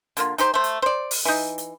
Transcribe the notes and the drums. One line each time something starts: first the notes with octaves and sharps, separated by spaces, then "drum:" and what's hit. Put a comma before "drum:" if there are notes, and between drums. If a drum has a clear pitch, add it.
D3 A#3 F4, drum: hi-hat
D#4 G4 C5, drum: hi-hat
A3 C5
drum: hi-hat
C5 D5
drum: open hi-hat
E3 D#4
drum: hi-hat